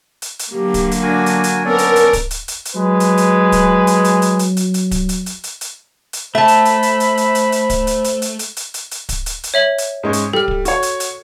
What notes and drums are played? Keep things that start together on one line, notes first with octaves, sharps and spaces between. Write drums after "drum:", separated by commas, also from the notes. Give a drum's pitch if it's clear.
drum: hi-hat
drum: hi-hat
D3 F#3 A#3 G4
drum: kick D1, hi-hat
drum: hi-hat
D4 F#4 A#4 G#5
drum: hi-hat
drum: hi-hat
B3 C#4 A4 A#4 D5
drum: hi-hat
drum: hi-hat
drum: kick D1, hi-hat
drum: hi-hat
drum: hi-hat
drum: hi-hat
F#3 G#3 B4
drum: hi-hat
drum: hi-hat
drum: kick D1, hi-hat
drum: hi-hat
drum: hi-hat
drum: hi-hat
drum: hi-hat
drum: hi-hat
drum: hi-hat
drum: kick D1, hi-hat
drum: hi-hat
drum: hi-hat
drum: hi-hat
drum: hi-hat
drum: hi-hat
A3 C5 E5 A5 B5
drum: hi-hat
drum: hi-hat
drum: hi-hat
drum: hi-hat
drum: hi-hat
drum: hi-hat
drum: hi-hat
drum: kick D1, hi-hat
drum: hi-hat
drum: hi-hat
drum: hi-hat
drum: hi-hat
drum: hi-hat
drum: hi-hat
drum: hi-hat
drum: kick D1, hi-hat
drum: hi-hat
drum: hi-hat
C#5 E5 F#7
drum: hi-hat
G#2 G#3 C#4
drum: hi-hat
G3 A4 F6
drum: kick D1
F#4 C#5, drum: hi-hat
drum: hi-hat
drum: hi-hat